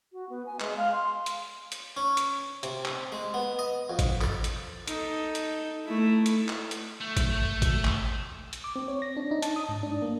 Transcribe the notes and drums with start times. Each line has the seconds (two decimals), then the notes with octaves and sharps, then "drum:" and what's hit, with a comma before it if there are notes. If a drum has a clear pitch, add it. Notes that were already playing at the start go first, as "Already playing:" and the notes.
0.13 F#4
0.29 B3
0.46 G#5
0.60 G#3, drum: clap
0.77 F5
0.92 C6
1.26 drum: hi-hat
1.72 drum: hi-hat
1.97 C#4
2.17 drum: hi-hat
2.63 C3, drum: hi-hat
2.85 drum: clap
3.12 G#3
3.34 B3
3.59 D#5
3.90 F2
3.99 drum: kick G#1, hi-hat
4.21 A4, drum: clap
4.44 drum: hi-hat
4.87 D#4 A4, drum: hi-hat
5.35 drum: hi-hat
5.86 A3 E4
6.26 drum: hi-hat
6.48 drum: clap
6.71 drum: hi-hat
7.01 A3
7.17 drum: kick G#1, hi-hat
7.62 drum: kick G#1, hi-hat
7.85 drum: clap
8.53 drum: hi-hat
8.64 D6
8.76 C4
8.88 C#5
9.02 A#6
9.17 D4
9.31 D#4
9.42 A5, drum: hi-hat
9.56 D#6
9.69 G#2
9.83 D4
10.02 A#3